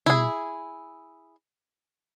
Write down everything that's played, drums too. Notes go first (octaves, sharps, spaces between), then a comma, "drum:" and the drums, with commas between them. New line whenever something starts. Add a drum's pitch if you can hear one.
E4 G#4, drum: tom